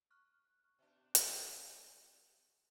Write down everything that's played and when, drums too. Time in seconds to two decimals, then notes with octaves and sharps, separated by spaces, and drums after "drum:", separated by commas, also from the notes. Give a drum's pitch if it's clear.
0.10 C#6 F6 F#6
0.78 B2 D4
1.15 drum: hi-hat